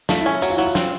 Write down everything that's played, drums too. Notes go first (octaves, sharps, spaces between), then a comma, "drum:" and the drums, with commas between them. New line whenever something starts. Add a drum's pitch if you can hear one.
A3 F4, drum: snare
E4
C#4
F#3 F#4, drum: open hi-hat
F4
F#3 E4
F4
C4, drum: snare